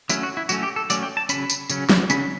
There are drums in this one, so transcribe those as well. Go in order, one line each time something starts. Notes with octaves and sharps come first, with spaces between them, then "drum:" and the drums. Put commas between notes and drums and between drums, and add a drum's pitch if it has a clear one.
F#3 A3 C#4 E4, drum: tambourine
F#4
E4
F#3 A3 C#4 F#4, drum: tambourine
G4
A4
F#3 A3 C#4 D5, drum: tambourine
G5
A5
C#3 F#3 C#4 B5, drum: tambourine
drum: tambourine
C#3 F#3 C#4, drum: tambourine
drum: snare
C#3 F#3 C#4 B5, drum: tambourine